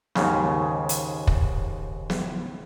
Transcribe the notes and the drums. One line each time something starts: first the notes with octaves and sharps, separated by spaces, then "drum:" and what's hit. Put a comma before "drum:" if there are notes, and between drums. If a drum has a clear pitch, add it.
D#2 G#2 C#3, drum: snare
drum: hi-hat
drum: kick
drum: snare